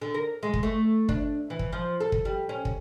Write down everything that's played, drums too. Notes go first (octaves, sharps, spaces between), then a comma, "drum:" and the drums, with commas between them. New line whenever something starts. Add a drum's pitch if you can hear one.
D3
A#4
G#3
drum: kick
A3
D4, drum: kick
E3
drum: kick
F3
A4
drum: kick
G3
C#4
drum: kick